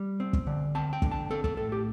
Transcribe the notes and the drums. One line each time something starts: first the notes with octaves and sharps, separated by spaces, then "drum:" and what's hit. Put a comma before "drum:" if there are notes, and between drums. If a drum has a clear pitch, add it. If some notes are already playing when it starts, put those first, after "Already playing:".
Already playing: G3
C4
drum: kick
D3
C4 A5
G5
D3, drum: kick
A5
C4 A4
A4, drum: kick
A2 A4
G4